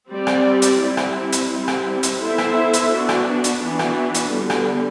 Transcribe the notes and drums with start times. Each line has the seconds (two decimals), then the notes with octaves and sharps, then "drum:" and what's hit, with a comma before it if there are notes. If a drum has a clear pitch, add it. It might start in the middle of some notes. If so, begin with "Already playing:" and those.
0.09 G3 C4 G4 D5
0.27 drum: rim click
0.62 drum: hi-hat
0.79 G3 C4 E4
0.97 drum: rim click
1.32 drum: hi-hat
1.51 G3 C4 E4
1.68 drum: rim click
2.03 drum: hi-hat
2.20 B3 E4 A4 C5 E5
2.38 drum: rim click
2.73 drum: hi-hat
2.91 B3 D4 F#4
3.09 drum: rim click
3.44 drum: hi-hat
3.62 E3 B3 D4 F#4
3.79 drum: rim click
4.14 drum: hi-hat
4.33 D3 G3 B3
4.50 drum: rim click